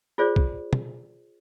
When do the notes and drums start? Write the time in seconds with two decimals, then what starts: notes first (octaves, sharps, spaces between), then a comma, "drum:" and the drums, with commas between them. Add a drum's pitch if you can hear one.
0.18 F4 G#4 C5 D5
0.36 drum: kick
0.73 drum: tom